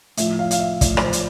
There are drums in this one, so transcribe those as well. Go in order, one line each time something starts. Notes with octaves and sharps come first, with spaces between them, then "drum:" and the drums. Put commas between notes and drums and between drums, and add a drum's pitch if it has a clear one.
A2 F3 E5, drum: hi-hat
F5
F5, drum: hi-hat
E5
A2 F3 D5, drum: kick, hi-hat
D5, drum: rim click
C5
drum: hi-hat